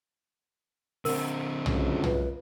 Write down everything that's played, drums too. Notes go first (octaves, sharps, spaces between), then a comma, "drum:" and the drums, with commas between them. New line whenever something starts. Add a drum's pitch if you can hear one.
D3 C4 A#4, drum: open hi-hat
C#2 F#2, drum: tom
B4, drum: tom